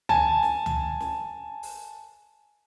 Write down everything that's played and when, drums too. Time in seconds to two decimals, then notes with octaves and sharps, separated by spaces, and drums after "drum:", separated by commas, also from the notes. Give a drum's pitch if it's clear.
0.09 G#5 A5, drum: tom C#2
0.43 drum: snare
0.66 drum: tom C#2
1.00 drum: snare
1.63 drum: open hi-hat